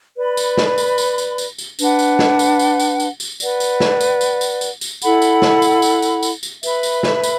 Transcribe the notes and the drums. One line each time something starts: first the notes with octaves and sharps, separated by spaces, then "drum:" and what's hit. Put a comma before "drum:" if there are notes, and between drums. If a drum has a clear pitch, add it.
B4 D5 B5
drum: tambourine
drum: snare
drum: tambourine
drum: tambourine
drum: tambourine
drum: tambourine
drum: tambourine
D4 B4 F#5, drum: tambourine
drum: tambourine
drum: snare
drum: tambourine
drum: tambourine
drum: tambourine
drum: tambourine
drum: tambourine
B4 D5 F#5, drum: tambourine
drum: tambourine
drum: snare
drum: tambourine
drum: tambourine
drum: tambourine
drum: tambourine
drum: tambourine
E4 A4 F#5 B5, drum: tambourine
drum: tambourine
drum: snare
drum: tambourine
drum: tambourine
drum: tambourine
drum: tambourine
drum: tambourine
B4 E5 B5, drum: tambourine
drum: tambourine
drum: snare
drum: tambourine